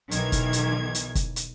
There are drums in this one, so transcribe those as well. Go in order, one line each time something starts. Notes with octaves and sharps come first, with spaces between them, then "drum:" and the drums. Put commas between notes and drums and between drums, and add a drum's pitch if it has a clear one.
B1 D#3 E3 G#6, drum: hi-hat
drum: kick, hi-hat
drum: hi-hat
drum: hi-hat
drum: kick, hi-hat
drum: hi-hat